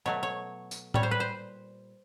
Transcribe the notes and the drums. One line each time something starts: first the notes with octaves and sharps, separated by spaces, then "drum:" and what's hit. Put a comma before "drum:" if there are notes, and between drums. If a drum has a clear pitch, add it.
B2 F#3 A3 C#5
C#5
drum: tambourine
A#2 G3 C#5, drum: tom A2
C5
B4
C5